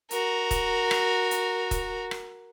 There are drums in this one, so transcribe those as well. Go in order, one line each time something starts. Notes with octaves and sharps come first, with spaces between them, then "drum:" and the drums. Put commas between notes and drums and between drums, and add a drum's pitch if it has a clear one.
F#4 A#4, drum: hi-hat
drum: kick, hi-hat
drum: rim click
drum: hi-hat
drum: kick, hi-hat
drum: rim click